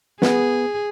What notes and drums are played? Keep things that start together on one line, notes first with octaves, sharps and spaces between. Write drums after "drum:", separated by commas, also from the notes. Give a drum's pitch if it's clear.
B3 G#4, drum: snare